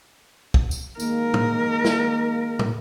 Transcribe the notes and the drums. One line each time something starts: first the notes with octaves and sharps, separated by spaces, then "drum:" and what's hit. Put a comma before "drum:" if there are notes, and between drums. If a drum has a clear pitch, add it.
drum: kick
drum: tambourine
D#3 G#3 A#3 A#4, drum: tambourine
drum: tom
drum: snare
drum: tom